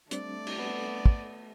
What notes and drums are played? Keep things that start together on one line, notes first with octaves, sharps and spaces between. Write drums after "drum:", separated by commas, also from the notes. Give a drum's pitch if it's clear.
G3 A3 C4 D4 D5, drum: hi-hat
drum: cymbal
B3
drum: kick